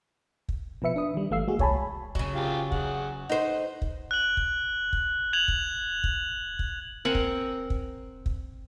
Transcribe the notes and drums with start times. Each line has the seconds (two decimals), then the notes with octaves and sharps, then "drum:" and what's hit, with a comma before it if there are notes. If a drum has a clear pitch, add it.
0.49 drum: kick
0.82 B2 F3 B4 E5 C#7
0.96 D4 B4 D#6
1.14 D#3 G3
1.30 G1 E3 A3 F5 E6 C7
1.48 G#3 A#3 F#4 G#4
1.59 C2 C#5 G#5 A5 B5, drum: kick
2.15 C#3 F#3, drum: kick
2.35 F4 G4 G#4
2.72 G#4 F#5, drum: kick
3.30 D#4 C5 F#5
3.82 drum: kick
4.11 F#6 F#7
4.37 drum: kick
4.93 drum: kick
5.33 G#6 F7 F#7
5.48 drum: kick
6.04 drum: kick
6.59 drum: kick
7.05 C4 A#4 F#5 G#5
7.15 drum: kick
7.70 drum: kick
8.26 drum: kick